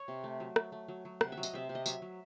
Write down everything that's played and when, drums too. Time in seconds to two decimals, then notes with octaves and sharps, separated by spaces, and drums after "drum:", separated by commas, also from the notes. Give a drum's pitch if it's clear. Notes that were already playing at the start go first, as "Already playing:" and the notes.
Already playing: C#5
0.08 C3
0.24 A3
0.40 F#3
0.56 A3, drum: rim click
0.72 A3
0.88 F#3
1.05 F#3
1.21 C3 F#5, drum: rim click
1.32 E5
1.37 F#3
1.43 D#5, drum: tambourine
1.53 C3 E5
1.69 C3
1.75 D#5
1.86 F#3 E5, drum: tambourine
2.02 F#3